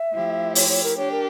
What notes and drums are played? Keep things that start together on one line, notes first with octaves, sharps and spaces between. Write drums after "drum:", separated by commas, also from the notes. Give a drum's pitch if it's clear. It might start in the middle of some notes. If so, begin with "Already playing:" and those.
Already playing: E5
F3 A3 E4 G4
C#5, drum: open hi-hat
C#5
A#4
D4 G4 C#5
A#4